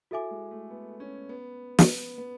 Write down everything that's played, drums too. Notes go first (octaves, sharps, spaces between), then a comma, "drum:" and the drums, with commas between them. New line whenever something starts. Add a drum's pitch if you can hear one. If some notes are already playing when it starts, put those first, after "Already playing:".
E4 F#4 A4 E5 G#5 D6
G#3
A3
B3
C#4
B3
drum: snare
B3
B3